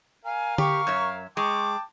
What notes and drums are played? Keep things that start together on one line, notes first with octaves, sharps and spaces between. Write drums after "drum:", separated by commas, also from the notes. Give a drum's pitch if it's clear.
A#4 F5 G#5
G4 C#6, drum: tom D3
F#2 C#5 E5
G#3 G5 A5 C#6 D6